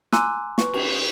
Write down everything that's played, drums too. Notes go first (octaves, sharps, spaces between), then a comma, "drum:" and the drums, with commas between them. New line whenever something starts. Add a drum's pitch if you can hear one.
G#5 A#5 C6 D6 E6 F#6, drum: snare
B4 C#6, drum: snare
drum: cymbal